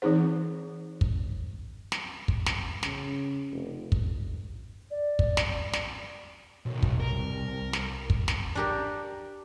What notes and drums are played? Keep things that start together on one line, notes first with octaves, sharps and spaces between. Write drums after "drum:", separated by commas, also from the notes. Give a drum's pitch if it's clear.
E3 C4 D#4 G#4 C5
drum: kick
drum: snare
drum: kick
drum: snare
C#3, drum: snare
F1
drum: kick
D5
drum: kick
drum: snare
drum: snare
B1 D#3
drum: kick
C2 A#4
drum: snare
drum: kick
drum: snare
D4 G4 A#4